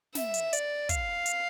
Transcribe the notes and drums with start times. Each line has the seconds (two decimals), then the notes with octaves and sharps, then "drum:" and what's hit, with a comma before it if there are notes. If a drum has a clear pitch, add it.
0.15 E5, drum: snare
0.34 drum: hi-hat
0.53 D5, drum: hi-hat
0.89 F5, drum: kick, hi-hat
1.26 drum: hi-hat